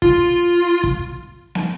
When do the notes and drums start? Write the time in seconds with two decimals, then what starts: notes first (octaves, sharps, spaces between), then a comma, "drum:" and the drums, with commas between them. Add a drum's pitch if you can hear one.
0.02 F4, drum: kick
0.84 drum: kick
1.55 drum: snare